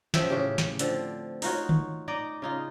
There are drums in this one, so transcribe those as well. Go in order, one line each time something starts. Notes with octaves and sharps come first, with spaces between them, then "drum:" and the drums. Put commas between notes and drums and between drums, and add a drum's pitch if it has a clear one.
C#3 F3 E5 G5, drum: snare
A2 C#3 G4
drum: snare
D3 F3 C4, drum: hi-hat
D#4 F4 F#4 C#5, drum: open hi-hat
drum: tom D3
D#4 D5 D#5
C#3 D#4 F4